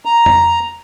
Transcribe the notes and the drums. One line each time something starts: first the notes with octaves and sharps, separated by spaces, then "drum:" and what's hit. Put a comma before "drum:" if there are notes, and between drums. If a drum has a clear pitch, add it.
A#5
drum: tom F2